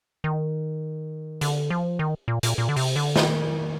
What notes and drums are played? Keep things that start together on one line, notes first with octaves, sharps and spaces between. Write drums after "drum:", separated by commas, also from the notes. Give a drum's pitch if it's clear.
D#3
D3, drum: hi-hat
F3
D#3
A#2
A#2, drum: hi-hat
A#2
D3
C3, drum: open hi-hat
D3
D#3, drum: snare